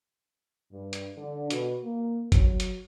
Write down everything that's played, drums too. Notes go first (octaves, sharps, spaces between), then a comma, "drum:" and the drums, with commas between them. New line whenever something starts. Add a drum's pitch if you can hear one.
G2
drum: hi-hat
D3
B2, drum: hi-hat
A#3
F#3, drum: kick G1, hi-hat
drum: hi-hat